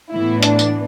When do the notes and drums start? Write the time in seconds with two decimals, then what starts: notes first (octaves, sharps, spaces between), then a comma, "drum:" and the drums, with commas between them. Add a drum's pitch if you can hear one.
0.13 A2 E3 B3 E4
0.43 D4, drum: hi-hat
0.59 drum: tambourine